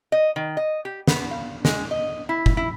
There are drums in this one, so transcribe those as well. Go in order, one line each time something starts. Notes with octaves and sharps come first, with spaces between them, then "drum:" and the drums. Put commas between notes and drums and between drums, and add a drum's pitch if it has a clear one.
D#5
D#3
D#5
G4
B3, drum: snare
F5
G#3, drum: snare
D#5
E4
drum: kick
E4